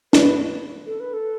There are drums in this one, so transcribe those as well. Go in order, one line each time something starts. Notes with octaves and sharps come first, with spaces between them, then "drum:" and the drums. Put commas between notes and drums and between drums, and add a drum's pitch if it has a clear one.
B4, drum: snare
A4
B4
A4